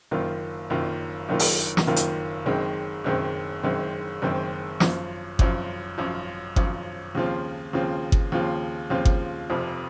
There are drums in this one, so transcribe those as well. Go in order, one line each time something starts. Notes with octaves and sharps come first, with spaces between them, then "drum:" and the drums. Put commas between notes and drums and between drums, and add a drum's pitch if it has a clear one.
F#1 F#2 D#3 A#3 F4
F#1 F#2 D#3 A#3 F4
F#1 F#2 D#3 A#3 F4
drum: open hi-hat
drum: snare
F#1 F#2 D#3 A#3 F4
drum: hi-hat
F#1 F#2 D#3 G#3 C4
F#1 F#2 D#3 G#3 C4
F#1 F#2 D#3 G#3 C4
F#1 F#2 D#3 G#3 C4
G#1 F#2 F3, drum: snare
G#1 F#2 F3, drum: kick G1
G#1 F#2 F3
G#1 F#2 F3, drum: kick G1
D#2 C#3 F3 C4 F4
D#2 C#3 F3 C4 F4
drum: kick G1
D#2 C#3 F3 C4 F4
D#2 C#3 F3 C4 F4
drum: kick G1
F1 F2 C3 F3